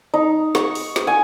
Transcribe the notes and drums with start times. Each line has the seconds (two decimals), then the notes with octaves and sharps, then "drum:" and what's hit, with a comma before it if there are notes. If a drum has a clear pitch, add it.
0.14 D#4
0.55 C#6, drum: snare
0.75 drum: open hi-hat
0.96 drum: snare
1.07 G#5